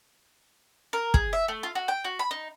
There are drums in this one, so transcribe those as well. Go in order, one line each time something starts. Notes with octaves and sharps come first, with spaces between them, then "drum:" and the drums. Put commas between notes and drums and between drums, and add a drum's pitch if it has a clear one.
A#4
G#4, drum: kick
E5
A3
F4
F#4
G5
F#4
B5
D#4